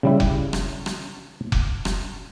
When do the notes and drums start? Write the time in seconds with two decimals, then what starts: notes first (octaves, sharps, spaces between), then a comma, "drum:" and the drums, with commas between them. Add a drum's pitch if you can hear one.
0.03 C#3 G3 E4
0.20 drum: kick F1
0.53 drum: rim click
0.86 drum: rim click
1.52 drum: kick F1
1.85 drum: rim click